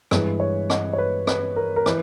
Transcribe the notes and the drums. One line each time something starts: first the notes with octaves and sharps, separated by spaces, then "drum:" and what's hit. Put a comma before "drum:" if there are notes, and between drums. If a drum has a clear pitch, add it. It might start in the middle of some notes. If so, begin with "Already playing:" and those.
G2 E3 G#3 B4, drum: rim click
C#5
D#5, drum: rim click
C#5
B4
B4, drum: rim click
A#4
A#4
E3 B4, drum: rim click